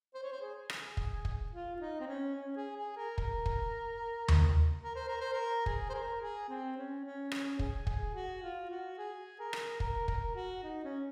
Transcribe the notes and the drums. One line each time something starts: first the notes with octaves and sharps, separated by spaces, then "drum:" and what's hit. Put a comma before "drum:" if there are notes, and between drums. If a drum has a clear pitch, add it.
C5
C#5
C5
G#4
drum: rim click
drum: kick
drum: kick
F4
F4
D#4
C4
C#4
C#4
G#4
G#4
A#4
A#4, drum: kick
drum: kick
drum: tom D#2
A#4
C5
A#4
C5
A#4
G#4, drum: kick
C5
A#4
G#4
C4
C#4
C#4
C#4, drum: rim click
G#4, drum: kick
G#4, drum: kick
F#4
F4
F#4
G#4
A#4
drum: rim click
A#4, drum: kick
A#4, drum: kick
F#4
D#4
C#4